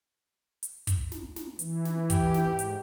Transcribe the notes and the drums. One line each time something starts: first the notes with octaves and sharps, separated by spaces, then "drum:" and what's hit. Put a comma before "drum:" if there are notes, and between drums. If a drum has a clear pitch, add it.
drum: hi-hat
drum: kick, hi-hat
drum: snare
drum: snare
E3, drum: hi-hat
drum: snare
G4, drum: kick, hi-hat
drum: snare
G#2
drum: hi-hat